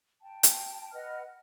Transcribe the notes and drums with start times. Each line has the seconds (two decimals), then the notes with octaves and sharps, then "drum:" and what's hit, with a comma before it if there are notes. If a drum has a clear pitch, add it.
0.21 G5 A5
0.43 drum: hi-hat
0.93 B4 D#5 F#5 F6